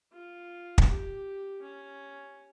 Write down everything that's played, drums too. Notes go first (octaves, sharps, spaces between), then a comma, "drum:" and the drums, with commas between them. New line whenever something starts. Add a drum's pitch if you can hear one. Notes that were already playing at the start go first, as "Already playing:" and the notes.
F4
drum: kick
G4
C#4